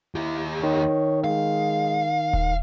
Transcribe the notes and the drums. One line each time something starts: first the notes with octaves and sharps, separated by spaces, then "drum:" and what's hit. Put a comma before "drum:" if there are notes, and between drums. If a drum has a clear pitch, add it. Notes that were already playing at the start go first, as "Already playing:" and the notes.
D#2 E4 G4
D#3 C#5
G#3 F5
drum: kick D#1